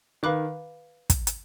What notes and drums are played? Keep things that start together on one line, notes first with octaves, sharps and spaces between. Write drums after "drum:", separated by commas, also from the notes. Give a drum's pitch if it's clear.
D#3 B4 F5 B5 D6 F#6
drum: kick, hi-hat
drum: hi-hat